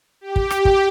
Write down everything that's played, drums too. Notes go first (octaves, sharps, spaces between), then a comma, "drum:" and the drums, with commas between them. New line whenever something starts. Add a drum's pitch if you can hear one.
G4
drum: kick
drum: rim click
drum: kick